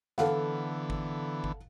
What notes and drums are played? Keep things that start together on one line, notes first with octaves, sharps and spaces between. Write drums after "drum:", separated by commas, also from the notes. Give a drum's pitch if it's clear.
D3 E3 B3 A4 F5 F#5, drum: snare
drum: kick G1
drum: kick G1